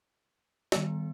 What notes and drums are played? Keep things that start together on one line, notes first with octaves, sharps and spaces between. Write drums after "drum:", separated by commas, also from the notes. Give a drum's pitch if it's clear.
D#3 G3 B3, drum: snare